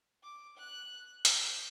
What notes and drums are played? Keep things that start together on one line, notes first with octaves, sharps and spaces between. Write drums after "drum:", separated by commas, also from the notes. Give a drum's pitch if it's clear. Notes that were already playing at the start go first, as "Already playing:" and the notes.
D6
F#6
G6, drum: hi-hat